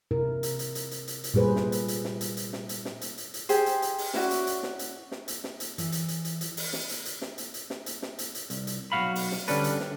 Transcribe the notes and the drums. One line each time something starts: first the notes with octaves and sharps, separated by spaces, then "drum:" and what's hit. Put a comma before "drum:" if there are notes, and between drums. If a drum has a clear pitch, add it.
C3 E4 A#4
drum: hi-hat
drum: hi-hat
drum: hi-hat
drum: hi-hat
drum: hi-hat
drum: hi-hat
A#2 G3 G#4 B4 C5
drum: snare
drum: hi-hat
drum: hi-hat
drum: snare
drum: hi-hat
drum: hi-hat
drum: snare
drum: hi-hat
drum: snare
drum: hi-hat
drum: hi-hat
drum: hi-hat
G4 G#4 C5, drum: hi-hat
drum: hi-hat
drum: hi-hat
drum: open hi-hat
C#4 E4 F#4 D5, drum: snare
drum: hi-hat
drum: hi-hat
drum: snare
drum: hi-hat
drum: snare
drum: hi-hat
drum: snare
drum: hi-hat
E3, drum: hi-hat
drum: hi-hat
drum: hi-hat
drum: hi-hat
drum: hi-hat
drum: open hi-hat
drum: snare
drum: hi-hat
drum: hi-hat
drum: snare
drum: hi-hat
drum: hi-hat
drum: snare
drum: hi-hat
drum: snare
drum: hi-hat
drum: hi-hat
C2, drum: hi-hat
drum: hi-hat
B1 E2 F#4 F5 B5
drum: open hi-hat
drum: snare
D3 G3 C#4 D4 A4 B4, drum: hi-hat
drum: hi-hat
drum: snare